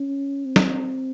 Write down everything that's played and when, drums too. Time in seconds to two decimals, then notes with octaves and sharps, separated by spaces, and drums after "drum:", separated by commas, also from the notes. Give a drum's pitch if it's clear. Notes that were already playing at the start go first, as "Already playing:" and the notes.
Already playing: C#4
0.45 C4
0.56 drum: snare